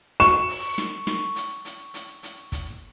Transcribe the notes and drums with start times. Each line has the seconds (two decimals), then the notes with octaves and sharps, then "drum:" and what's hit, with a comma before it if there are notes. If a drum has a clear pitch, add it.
0.20 C#6 E7, drum: snare
0.49 drum: open hi-hat
0.78 drum: snare
1.07 drum: snare
1.36 drum: hi-hat
1.65 drum: hi-hat
1.94 drum: hi-hat
2.23 drum: hi-hat
2.52 drum: kick, hi-hat